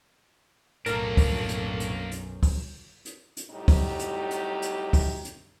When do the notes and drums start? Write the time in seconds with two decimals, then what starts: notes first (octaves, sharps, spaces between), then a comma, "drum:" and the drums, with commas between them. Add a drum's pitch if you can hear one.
0.86 B1 F#2 A2 A#3 D4 A#4, drum: hi-hat
1.17 drum: kick, open hi-hat
1.49 drum: hi-hat
1.80 drum: hi-hat
2.11 drum: hi-hat
2.43 drum: kick, open hi-hat
3.05 drum: hi-hat
3.37 drum: hi-hat
3.50 A2 C3 F#3 G3 D#4 G4
3.68 drum: kick, open hi-hat
3.99 drum: hi-hat
4.31 drum: hi-hat
4.62 drum: hi-hat
4.93 drum: kick, open hi-hat
5.25 drum: hi-hat